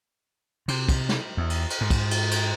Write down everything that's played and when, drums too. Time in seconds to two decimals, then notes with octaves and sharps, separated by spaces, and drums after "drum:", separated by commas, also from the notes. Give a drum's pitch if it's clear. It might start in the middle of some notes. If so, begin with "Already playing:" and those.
0.68 C3, drum: cymbal
0.89 drum: kick, cymbal
1.09 drum: snare
1.37 E2
1.50 drum: cymbal
1.70 drum: cymbal
1.81 G#2
1.90 drum: kick, cymbal
2.11 drum: cymbal
2.31 drum: cymbal